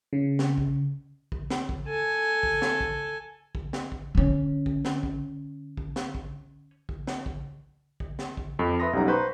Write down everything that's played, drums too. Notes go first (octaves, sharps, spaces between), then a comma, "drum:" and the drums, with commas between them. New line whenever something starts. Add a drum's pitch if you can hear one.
C#3
drum: snare
drum: kick
drum: kick
drum: snare
drum: kick
A4 G#5
drum: kick
drum: snare
drum: kick
drum: kick
drum: snare
drum: kick
D3 C#4
drum: kick
drum: snare
drum: kick
drum: kick
drum: snare
drum: kick
drum: kick
drum: snare
drum: kick
drum: kick
drum: snare
drum: kick
F2
B4 E5 B5 C6 D#6 A#6
B1 G3 C#4 D#4 F#5 A#5
B4 C5 C6 C#6 G6